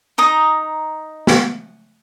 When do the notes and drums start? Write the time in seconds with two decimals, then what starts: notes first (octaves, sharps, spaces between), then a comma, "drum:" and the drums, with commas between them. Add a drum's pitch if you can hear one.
0.18 D#4 A#5 D#6
1.27 drum: snare